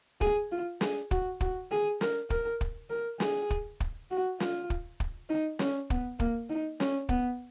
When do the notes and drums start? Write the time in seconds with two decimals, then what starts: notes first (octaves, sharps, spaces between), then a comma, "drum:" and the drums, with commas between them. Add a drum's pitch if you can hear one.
0.21 G#4, drum: kick
0.51 F4
0.81 G#4, drum: snare
1.11 F#4, drum: kick
1.41 F#4, drum: kick
1.71 G#4
2.01 A#4, drum: snare
2.30 A#4, drum: kick
2.61 drum: kick
2.90 A#4
3.20 G#4, drum: snare
3.50 drum: kick
3.80 drum: kick
4.11 F#4
4.40 F4, drum: snare
4.70 drum: kick
5.00 drum: kick
5.30 D#4
5.59 C#4, drum: snare
5.90 B3, drum: kick
6.20 A#3, drum: kick
6.50 D#4
6.80 C#4, drum: snare
7.09 B3, drum: kick